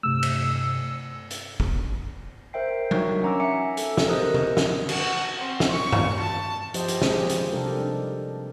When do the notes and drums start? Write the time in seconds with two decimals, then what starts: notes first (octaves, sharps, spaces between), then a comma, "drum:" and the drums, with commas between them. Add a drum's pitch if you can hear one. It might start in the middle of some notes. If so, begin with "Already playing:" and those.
0.03 G2 C3 A3 E6
0.23 drum: cymbal
1.31 drum: hi-hat
1.60 drum: kick
2.53 A#4 C5 E5 G5 C7
2.91 D4 D#4 F#4 A#4 C#5, drum: tom F#3
3.22 C#4 F#5 A#5 D6 E6
3.40 E5 G#5 D6 C#7
3.77 A4, drum: hi-hat
3.97 drum: snare
4.07 G4 A#4 C5 D#5 D#6 F#6
4.34 drum: tom
4.57 drum: snare
4.89 F#4, drum: cymbal
5.39 C4
5.60 drum: snare
5.71 C#6
5.92 drum: tom G2
6.20 A5
6.74 F3 G4 C5 D#5, drum: hi-hat
6.88 drum: hi-hat
7.02 F3 G#3 G4 G#4, drum: snare
7.29 drum: hi-hat
7.52 C3 G3 D4 G4 A4 A#4
7.82 D#4